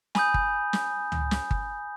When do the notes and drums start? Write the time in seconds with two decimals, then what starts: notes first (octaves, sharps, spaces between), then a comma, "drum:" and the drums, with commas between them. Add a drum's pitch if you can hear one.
0.15 G#5 B5 D#6 G6, drum: snare
0.34 drum: kick G1
0.73 drum: snare
1.12 drum: tom C#2
1.31 drum: snare
1.51 drum: kick G1